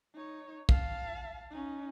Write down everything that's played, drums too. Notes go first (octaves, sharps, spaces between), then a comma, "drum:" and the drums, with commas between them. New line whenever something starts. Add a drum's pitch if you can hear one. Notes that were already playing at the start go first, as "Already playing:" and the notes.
D#4 C#5
F5 A5, drum: kick
C#4 D#4